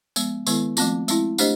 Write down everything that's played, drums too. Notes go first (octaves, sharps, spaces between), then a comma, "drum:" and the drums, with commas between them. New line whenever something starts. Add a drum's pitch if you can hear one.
F3 G#3 B3, drum: tambourine
D#3 G#3 B3 E4 A4, drum: tambourine
F3 A3 C4 F4, drum: tambourine
G#3 C4 E4, drum: tambourine
A3 D4 G4 C5 D#5, drum: tambourine